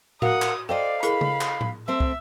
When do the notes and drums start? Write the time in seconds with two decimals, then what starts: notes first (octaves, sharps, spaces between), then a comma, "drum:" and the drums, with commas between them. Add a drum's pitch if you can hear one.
0.22 F#4 A#4 F5 F#5 D#6, drum: tom A2
0.42 drum: clap
0.69 A4 C5 D5 D#5 F5 G5
1.03 E4 G#4 A#4 B5, drum: hi-hat
1.21 drum: tom C#3
1.41 drum: clap
1.61 drum: tom A2
1.88 A3 C4 C5 E5
2.00 drum: kick